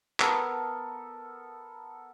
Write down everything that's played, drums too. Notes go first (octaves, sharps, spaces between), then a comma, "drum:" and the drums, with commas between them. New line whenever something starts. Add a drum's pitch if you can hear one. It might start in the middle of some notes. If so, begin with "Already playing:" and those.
B3 A4 A#4, drum: clap